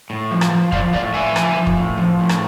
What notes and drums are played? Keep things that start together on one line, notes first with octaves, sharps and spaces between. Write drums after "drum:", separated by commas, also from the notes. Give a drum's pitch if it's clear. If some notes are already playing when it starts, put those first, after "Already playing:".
A2
F3
drum: rim click
F3
F3 D5 F5, drum: kick
A2 D5 F5
A2 E5 G#5
F3, drum: rim click
F3
drum: kick
A2
F3
A2
drum: rim click